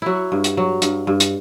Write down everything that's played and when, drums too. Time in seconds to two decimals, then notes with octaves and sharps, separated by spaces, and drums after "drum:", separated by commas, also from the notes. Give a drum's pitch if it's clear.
0.02 F#3 E4 F#4
0.32 G2
0.44 drum: hi-hat
0.57 F#3
0.82 G2, drum: hi-hat
1.07 G2
1.20 drum: hi-hat